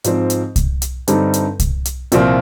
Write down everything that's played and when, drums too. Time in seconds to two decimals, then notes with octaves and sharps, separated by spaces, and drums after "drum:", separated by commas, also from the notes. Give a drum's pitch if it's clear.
0.04 G#2 F3 C4, drum: hi-hat
0.30 drum: hi-hat
0.56 drum: kick C2, hi-hat
0.82 drum: hi-hat
1.08 G2 D3 G3 C4 D#4, drum: hi-hat
1.34 drum: hi-hat
1.60 drum: kick C2, hi-hat
1.85 drum: hi-hat
2.12 C2 A#2 F3 C4 F4, drum: hi-hat